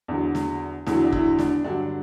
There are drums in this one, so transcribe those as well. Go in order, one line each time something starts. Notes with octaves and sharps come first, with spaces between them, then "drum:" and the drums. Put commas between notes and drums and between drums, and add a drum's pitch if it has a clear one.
E2 D3 F#3 D4
drum: snare
E2 D3 F#3 E4, drum: snare
D4
E4, drum: kick
D4, drum: snare
G2 D3 F#3 D4